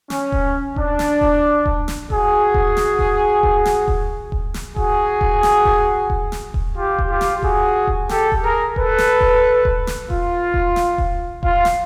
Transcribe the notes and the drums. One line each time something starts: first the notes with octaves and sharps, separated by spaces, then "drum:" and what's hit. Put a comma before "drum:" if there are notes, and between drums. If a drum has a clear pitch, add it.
C#4, drum: snare
drum: kick D#1
D4, drum: kick D#1
drum: snare
drum: kick D#1
drum: kick D#1
drum: snare
F#4 G#4, drum: kick D#1
drum: kick D#1
drum: snare
drum: kick D#1
drum: kick D#1
drum: snare
drum: kick D#1
drum: kick D#1
drum: snare
F#4 G#4, drum: kick D#1
drum: kick D#1
drum: snare
drum: kick D#1
drum: kick D#1
drum: snare
drum: kick D#1
F4 G4
drum: kick D#1
F4 G4
drum: snare
F#4 G#4, drum: kick D#1
drum: kick D#1
G4 A4, drum: snare
drum: kick D#1
G#4 A#4
A4 B4, drum: kick D#1
drum: snare
drum: kick D#1
drum: kick D#1
drum: snare
F4, drum: kick D#1
drum: kick D#1
drum: snare
drum: kick D#1
F4, drum: kick D#1
drum: snare